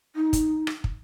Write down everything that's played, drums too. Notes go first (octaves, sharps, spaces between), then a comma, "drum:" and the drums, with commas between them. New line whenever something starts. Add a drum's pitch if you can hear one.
D#4
drum: kick, hi-hat
drum: rim click
drum: kick